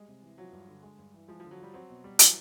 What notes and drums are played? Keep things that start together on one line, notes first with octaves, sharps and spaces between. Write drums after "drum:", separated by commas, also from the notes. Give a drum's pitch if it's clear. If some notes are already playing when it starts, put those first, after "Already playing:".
Already playing: G3 G#3
C3
E3
F3 F#3
G2
D3
G#3
G2
E3
F3 G#3
F3
D3
F#3
F3 G3
F#3 C4
B2
G3
E3 F#3, drum: hi-hat